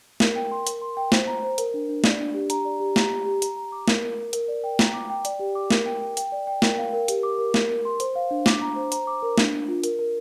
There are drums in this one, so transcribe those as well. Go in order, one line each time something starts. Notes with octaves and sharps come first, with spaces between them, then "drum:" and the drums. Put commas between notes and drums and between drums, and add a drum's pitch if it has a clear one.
A#4, drum: snare
G5
C6
A#4, drum: hi-hat
C6
G5
C5, drum: snare
A#5
C5
A#4, drum: hi-hat
D4
D4
D5, drum: snare
D4
G4
A#5, drum: hi-hat
D5
G4
A#5, drum: snare
G4
G4
A#5, drum: hi-hat
A#5
D6
A#4, drum: snare
A#4
A#4
A#4, drum: hi-hat
D5
G5
A#5, drum: snare
D6
G5
D5, drum: hi-hat
G4
D6
A#4, drum: snare
G5
G5
G5, drum: hi-hat
D5
G5
A#4, drum: snare
F5
A#4
G4, drum: hi-hat
D6
A#4
A#4, drum: snare
A#4
C6
C5, drum: hi-hat
F5
D4
D6, drum: snare
A#5
C5
A#5, drum: hi-hat
D6
A#4
D4, drum: snare
D4
F4
A#4, drum: hi-hat
A#4